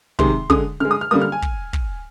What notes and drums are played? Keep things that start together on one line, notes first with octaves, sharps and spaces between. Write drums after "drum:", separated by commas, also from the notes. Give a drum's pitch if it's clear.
C3 D#3 G#3 C6, drum: kick
D3 G#3 D#6, drum: kick
D3 G#3 F6
D#6
F6
D3 G3 A#3 D#6
F6
G#5
drum: kick
drum: kick